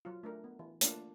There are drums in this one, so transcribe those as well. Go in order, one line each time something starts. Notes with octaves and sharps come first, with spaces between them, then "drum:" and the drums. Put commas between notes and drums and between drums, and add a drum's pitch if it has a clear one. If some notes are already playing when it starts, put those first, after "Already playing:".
F#3 F4
A3 D4 A#4
B3
E3
A3 A#3 D4 F4, drum: hi-hat